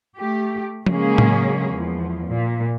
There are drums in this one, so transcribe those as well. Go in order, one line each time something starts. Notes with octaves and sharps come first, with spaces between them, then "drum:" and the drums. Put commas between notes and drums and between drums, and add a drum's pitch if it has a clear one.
A3 G4
C#3 F#3 G#3 A#3 C#4 G#4, drum: tom F3
drum: tom A2
E2 F3
A#2